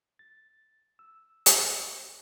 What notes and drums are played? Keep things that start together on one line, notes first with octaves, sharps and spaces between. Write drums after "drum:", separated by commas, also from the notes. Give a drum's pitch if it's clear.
A6
E6
drum: hi-hat